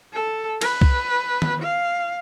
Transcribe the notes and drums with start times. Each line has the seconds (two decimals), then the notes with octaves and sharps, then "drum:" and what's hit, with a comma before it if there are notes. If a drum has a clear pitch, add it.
0.13 A4
0.61 B4, drum: cymbal
0.81 drum: kick C2
1.42 drum: tom D#3
1.62 F5